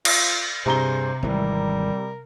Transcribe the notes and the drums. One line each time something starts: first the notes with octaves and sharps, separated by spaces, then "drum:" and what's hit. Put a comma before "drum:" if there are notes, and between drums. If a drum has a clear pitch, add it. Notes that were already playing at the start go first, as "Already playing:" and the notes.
F4, drum: cymbal
G2 C3 G#4 C5 A#5 G7
G#1 E3 G3 A#4